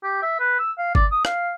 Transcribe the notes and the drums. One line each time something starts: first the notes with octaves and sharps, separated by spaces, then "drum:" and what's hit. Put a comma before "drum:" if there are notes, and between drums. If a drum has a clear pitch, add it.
G4
E5
B4
E6
F5
D5, drum: kick G1
D#6
F5, drum: rim click